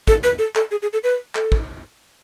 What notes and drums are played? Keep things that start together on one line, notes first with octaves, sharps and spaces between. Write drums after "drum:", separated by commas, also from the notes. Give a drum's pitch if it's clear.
A4, drum: kick
B4
A4
A4, drum: clap
G#4
G#4
A4
B4
A4, drum: clap
drum: kick